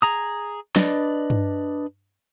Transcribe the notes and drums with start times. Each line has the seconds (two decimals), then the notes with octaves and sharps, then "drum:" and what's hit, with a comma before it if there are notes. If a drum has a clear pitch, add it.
0.02 G#4 A#5 D#6
0.76 D4 B4 D5 D#5, drum: snare
1.30 drum: tom G2